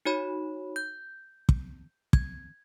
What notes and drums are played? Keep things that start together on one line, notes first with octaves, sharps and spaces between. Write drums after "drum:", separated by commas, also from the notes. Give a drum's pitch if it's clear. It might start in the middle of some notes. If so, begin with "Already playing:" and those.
D#4 F#4 C#5 B5
G6
drum: kick
G#6, drum: kick